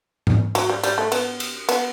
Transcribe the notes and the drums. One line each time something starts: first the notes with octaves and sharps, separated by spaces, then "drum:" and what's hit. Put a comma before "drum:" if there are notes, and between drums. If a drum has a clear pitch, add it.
drum: tom G#2
F#3, drum: cymbal
G3
G3, drum: cymbal
A3
B3, drum: cymbal
drum: cymbal
B3, drum: cymbal